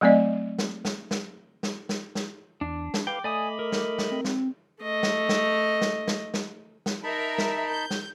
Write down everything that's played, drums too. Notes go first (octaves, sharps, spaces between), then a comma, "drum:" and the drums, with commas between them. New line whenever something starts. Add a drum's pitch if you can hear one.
F#3 A3 C4 D5 D#5
drum: snare
drum: snare
drum: snare
drum: snare
drum: snare
drum: snare
E2 D4
drum: snare
B4 F5 G5 D6
A3 D5 D#5 G#5 B5 D#6
A#4
drum: snare
drum: snare
C4
drum: snare
A3 D#5
drum: snare
drum: snare
drum: snare
drum: snare
drum: snare
drum: snare
D#4 A#4 E5 A5 B5
drum: snare
G6
drum: snare